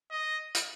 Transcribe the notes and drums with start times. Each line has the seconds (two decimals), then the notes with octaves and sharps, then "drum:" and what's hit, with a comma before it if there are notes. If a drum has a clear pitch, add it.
0.11 D#5
0.55 drum: hi-hat